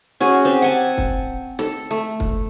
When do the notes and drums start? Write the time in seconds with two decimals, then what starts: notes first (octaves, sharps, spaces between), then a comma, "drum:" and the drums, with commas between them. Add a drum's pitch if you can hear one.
0.20 C#4 F#4 G#4
0.45 C4 G4
0.62 F#5 G#5 A5
0.98 drum: kick
1.59 A4, drum: snare
1.91 A3
2.20 drum: kick